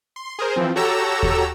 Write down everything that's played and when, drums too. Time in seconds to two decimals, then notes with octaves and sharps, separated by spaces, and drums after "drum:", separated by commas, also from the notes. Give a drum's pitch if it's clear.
0.16 C6
0.39 G#4 A#4 C5
0.56 E3 F3 C4
0.76 F#4 G4 A4 C#5 A#5 E6
1.23 drum: kick D#2